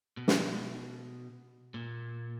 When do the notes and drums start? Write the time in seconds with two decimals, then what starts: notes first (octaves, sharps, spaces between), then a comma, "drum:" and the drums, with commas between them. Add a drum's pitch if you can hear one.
0.17 B2
0.28 drum: snare
1.74 A#2